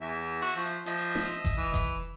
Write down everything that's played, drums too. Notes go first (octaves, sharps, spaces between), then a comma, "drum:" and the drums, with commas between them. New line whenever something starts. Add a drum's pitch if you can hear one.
E2 E5
F#4
F3
F3 D#5 E5, drum: hi-hat
drum: snare
drum: kick F1, hi-hat
E3
drum: kick F1, hi-hat